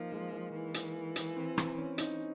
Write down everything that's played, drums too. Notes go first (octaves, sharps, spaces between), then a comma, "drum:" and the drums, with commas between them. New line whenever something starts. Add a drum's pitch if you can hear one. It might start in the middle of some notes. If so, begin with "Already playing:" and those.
Already playing: F3 A#3 D#4
G#3
A#3
E3
drum: hi-hat
drum: hi-hat
C4
C4, drum: rim click
C#4
D#4, drum: hi-hat